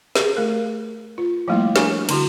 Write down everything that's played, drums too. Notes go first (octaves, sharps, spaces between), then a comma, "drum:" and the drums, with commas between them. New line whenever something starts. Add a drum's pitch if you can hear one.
G4 G#4, drum: snare
A3 A#4
F4
F3 G3 A3 A#3 E4
D4 C#5 G#5 C#6, drum: snare
D3 E4 F#4, drum: cymbal